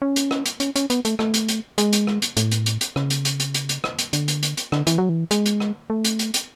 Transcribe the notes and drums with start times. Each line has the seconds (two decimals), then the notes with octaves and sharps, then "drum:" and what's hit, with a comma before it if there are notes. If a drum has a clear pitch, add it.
0.02 C#4
0.16 drum: hi-hat
0.31 drum: rim click
0.46 drum: hi-hat
0.60 C#4, drum: hi-hat
0.76 C#4, drum: hi-hat
0.90 B3, drum: hi-hat
1.05 A3, drum: hi-hat
1.19 A3, drum: rim click
1.34 drum: hi-hat
1.49 drum: hi-hat
1.78 G#3, drum: hi-hat
1.93 drum: hi-hat
2.07 drum: rim click
2.22 drum: hi-hat
2.37 A2, drum: hi-hat
2.51 drum: hi-hat
2.66 drum: hi-hat
2.81 drum: hi-hat
2.96 C#3, drum: rim click
3.10 drum: hi-hat
3.25 drum: hi-hat
3.40 drum: hi-hat
3.54 drum: hi-hat
3.69 drum: hi-hat
3.84 drum: rim click
3.99 drum: hi-hat
4.13 D3, drum: hi-hat
4.28 drum: hi-hat
4.43 drum: hi-hat
4.57 drum: hi-hat
4.72 D3, drum: rim click
4.87 E3, drum: hi-hat
4.98 F#3
5.09 E3
5.31 G#3, drum: hi-hat
5.46 drum: hi-hat
5.60 drum: rim click
5.90 A3
6.04 drum: hi-hat
6.19 drum: hi-hat
6.34 drum: hi-hat